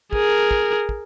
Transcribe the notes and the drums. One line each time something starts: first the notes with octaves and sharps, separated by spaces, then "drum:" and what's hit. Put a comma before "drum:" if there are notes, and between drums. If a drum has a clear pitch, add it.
G#4 A#4, drum: kick
drum: kick
drum: kick